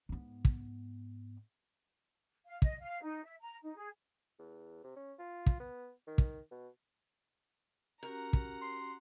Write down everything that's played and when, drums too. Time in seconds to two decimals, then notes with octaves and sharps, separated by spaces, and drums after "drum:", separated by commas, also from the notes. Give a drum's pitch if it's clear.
0.09 G#2 B3
0.45 drum: kick
2.46 F5
2.62 D#5, drum: kick
2.80 F5
3.02 D#4
3.24 E5
3.40 A#5
3.63 D#4
3.76 G#4
4.39 E2
4.84 C3
4.96 C#4
5.19 F4
5.46 drum: kick
5.60 B3
6.07 D#3
6.18 drum: kick
6.51 B2
8.03 C#4 F#4 G4 A#4 F#5 A#5
8.33 drum: kick
8.61 C6